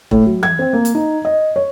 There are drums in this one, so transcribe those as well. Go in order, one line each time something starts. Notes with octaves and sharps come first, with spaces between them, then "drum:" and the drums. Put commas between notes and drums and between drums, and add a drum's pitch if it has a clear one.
A2, drum: kick E1
F#3
G#6, drum: tom E3
C4
A#3
drum: hi-hat
D#4
D#5
C#5